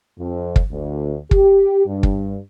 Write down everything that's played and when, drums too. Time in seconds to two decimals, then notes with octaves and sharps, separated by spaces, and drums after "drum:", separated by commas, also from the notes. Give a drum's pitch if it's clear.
0.19 F2
0.56 drum: kick
0.72 D2
1.31 G4, drum: kick
1.86 G2
2.03 drum: kick